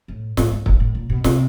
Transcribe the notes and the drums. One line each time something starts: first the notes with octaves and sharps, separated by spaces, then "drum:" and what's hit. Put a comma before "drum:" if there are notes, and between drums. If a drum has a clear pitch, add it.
A2
A2, drum: snare
G#2
drum: kick
A2
A#2
B2
C3, drum: snare